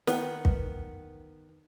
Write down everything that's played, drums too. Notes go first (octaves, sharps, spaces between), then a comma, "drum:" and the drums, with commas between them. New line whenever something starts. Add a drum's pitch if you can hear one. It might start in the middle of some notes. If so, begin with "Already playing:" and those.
D#3 B3 B4, drum: snare
drum: kick